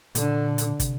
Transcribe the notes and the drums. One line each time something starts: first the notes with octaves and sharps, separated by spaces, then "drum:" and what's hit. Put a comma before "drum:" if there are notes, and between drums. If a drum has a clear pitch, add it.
A#2 D3, drum: hi-hat
drum: hi-hat
C3, drum: kick, hi-hat